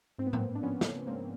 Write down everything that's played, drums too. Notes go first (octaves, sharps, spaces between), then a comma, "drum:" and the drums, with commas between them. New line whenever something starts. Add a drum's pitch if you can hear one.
G#2 C4
B3
A#3 C4, drum: tom A2
D4
F3 B3 C#4
drum: snare
G#2 A#3 C4